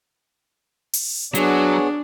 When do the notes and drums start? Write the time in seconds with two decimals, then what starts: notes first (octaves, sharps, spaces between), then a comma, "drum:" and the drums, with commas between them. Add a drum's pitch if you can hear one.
0.93 drum: open hi-hat
1.35 F#3 B3 D4 G#4 C#5, drum: hi-hat